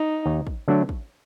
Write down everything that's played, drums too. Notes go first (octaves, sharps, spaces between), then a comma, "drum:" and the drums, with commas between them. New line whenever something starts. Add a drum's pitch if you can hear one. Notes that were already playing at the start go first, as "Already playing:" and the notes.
Already playing: D#4
D#2
drum: kick
D3 F#3 A3 D4
drum: kick